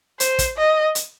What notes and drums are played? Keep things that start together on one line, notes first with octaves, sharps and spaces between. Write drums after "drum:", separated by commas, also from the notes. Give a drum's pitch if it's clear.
C5, drum: hi-hat
drum: kick, hi-hat
D#5
drum: hi-hat